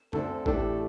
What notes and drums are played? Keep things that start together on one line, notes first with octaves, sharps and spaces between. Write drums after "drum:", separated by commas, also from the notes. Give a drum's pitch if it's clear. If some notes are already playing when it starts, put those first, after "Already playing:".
D2 D3 C4 A4, drum: tom F#2
A2 E3 A3 D4 G4 A4, drum: kick G#1